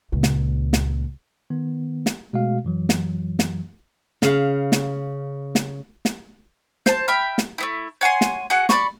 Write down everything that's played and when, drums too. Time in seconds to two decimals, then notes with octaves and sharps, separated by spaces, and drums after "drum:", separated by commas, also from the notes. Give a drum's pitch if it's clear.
0.12 C#2 A#2
0.23 drum: snare
0.73 drum: snare
1.50 D#3 B3
2.06 drum: snare
2.33 B2 G#3 A3 F#4 F5
2.65 F#2 E3 F#3
2.89 drum: snare
3.39 drum: snare
4.22 C#3 F5, drum: snare
4.72 drum: snare
5.55 drum: snare
6.05 drum: snare
6.86 C5 A5, drum: snare
7.08 E5 G5 B5 F6
7.38 drum: snare
7.58 A3 B3 E4
8.01 C#5 F#5 G#5 C6
8.21 drum: snare
8.50 F#4 G#4 F#5
8.69 D5 B5 C#6, drum: snare